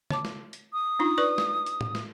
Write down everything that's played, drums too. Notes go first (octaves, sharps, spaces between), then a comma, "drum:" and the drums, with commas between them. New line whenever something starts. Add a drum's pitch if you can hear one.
C#5 A5 D6, drum: tom
drum: snare
drum: hi-hat
D#6
D4 D#4 F4
B4 D5 C#6
drum: snare
drum: hi-hat
drum: tom A2
drum: snare